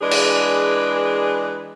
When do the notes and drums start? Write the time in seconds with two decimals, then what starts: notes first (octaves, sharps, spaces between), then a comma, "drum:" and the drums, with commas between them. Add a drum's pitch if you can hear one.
0.01 E3 G#3 D4 G#4 B4
0.11 drum: cymbal